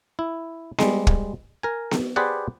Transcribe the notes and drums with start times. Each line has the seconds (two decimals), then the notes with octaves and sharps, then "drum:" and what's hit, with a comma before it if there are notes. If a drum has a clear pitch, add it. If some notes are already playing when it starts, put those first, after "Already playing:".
0.19 E4
0.79 G3 G#3, drum: snare B3
1.07 drum: kick
1.63 A#4 G#5
1.91 drum: snare B3
2.16 G4 G#4 B4 C5 D5 F#5